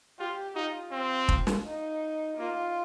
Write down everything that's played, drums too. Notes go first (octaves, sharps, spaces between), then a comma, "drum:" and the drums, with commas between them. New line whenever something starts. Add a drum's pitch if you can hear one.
F4 G4
D#4 F4
C4
drum: kick
drum: snare
D#4
A#3 F4